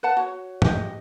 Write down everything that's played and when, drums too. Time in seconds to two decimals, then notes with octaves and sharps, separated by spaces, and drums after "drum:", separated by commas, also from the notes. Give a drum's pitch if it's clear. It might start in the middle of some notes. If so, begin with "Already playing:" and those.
0.03 B4 F#5 A5
0.17 F#4 C#5
0.62 G4 D#5, drum: tom